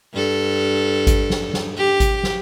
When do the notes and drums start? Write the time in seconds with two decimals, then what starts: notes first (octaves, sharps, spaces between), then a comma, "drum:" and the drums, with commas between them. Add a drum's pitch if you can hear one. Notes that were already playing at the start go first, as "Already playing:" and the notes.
0.13 G2 A4
1.07 drum: kick G#1, hi-hat
1.30 drum: snare
1.54 drum: snare
1.77 G4
2.00 drum: kick G#1, hi-hat
2.24 drum: snare